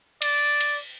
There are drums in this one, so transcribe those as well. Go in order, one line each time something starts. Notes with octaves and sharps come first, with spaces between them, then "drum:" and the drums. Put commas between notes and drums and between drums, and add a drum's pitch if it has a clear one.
D5, drum: cymbal
drum: cymbal